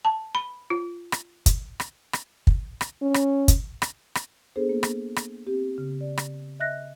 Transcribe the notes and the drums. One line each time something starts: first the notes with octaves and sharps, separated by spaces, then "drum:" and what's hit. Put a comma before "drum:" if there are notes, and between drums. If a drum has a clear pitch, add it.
A5
B5
F4
drum: rim click
drum: kick, hi-hat
drum: rim click
drum: rim click
drum: kick
drum: rim click
C#4
drum: rim click
drum: kick, hi-hat
drum: rim click
drum: rim click
B3 D4 G#4 A4 C5
A#3
drum: rim click
drum: rim click
C4 G4
C#3
D5
drum: rim click
D#5 E5 F#6 A#6